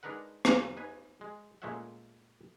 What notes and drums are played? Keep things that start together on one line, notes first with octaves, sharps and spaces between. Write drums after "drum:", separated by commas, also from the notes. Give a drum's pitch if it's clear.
G#3 D4 D#4 A#4 B4 F#5
drum: rim click
D#4 B4 G#5
G#3
A#2 G#3 A3 C#4 E5 F#5